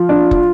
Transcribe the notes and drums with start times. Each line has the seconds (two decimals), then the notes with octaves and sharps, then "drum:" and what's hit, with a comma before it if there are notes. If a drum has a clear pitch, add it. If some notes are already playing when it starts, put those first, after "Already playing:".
Already playing: F3 F4
0.09 D4
0.31 drum: kick